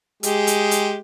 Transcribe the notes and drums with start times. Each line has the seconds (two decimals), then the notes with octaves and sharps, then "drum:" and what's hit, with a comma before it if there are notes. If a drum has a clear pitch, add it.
0.23 G#3 G4 G#4, drum: hi-hat
0.47 drum: hi-hat
0.71 drum: hi-hat